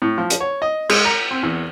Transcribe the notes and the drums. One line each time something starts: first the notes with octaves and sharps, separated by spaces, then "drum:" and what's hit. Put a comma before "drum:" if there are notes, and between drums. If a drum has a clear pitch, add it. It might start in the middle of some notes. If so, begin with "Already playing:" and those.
A2
F3
drum: hi-hat
C#5
D#5
G#3, drum: cymbal
A#5
C4
E2